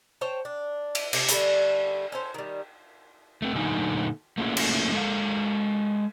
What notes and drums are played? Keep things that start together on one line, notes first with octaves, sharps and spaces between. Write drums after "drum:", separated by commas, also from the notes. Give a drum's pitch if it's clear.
C5 C#5 G5 A5
D4
drum: cymbal
C3, drum: cymbal
D3 G3 A3 C#4, drum: hi-hat
C#4 A4 C5
D#3 G3
A3 C4
A#2 D3 F#3 A3 D#4 G#5
A3 A#3 C#4 E4 F4 G#4
drum: cymbal
G#3 A4 F5